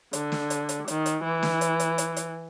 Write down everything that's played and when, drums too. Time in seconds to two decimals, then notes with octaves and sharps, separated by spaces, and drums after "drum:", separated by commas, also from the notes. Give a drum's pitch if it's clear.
0.13 D3, drum: hi-hat
0.32 drum: snare
0.50 drum: hi-hat
0.69 drum: hi-hat
0.88 D#3, drum: hi-hat
1.06 drum: hi-hat
1.24 E3
1.43 drum: snare
1.61 drum: hi-hat
1.80 drum: hi-hat
1.98 drum: hi-hat
2.17 drum: hi-hat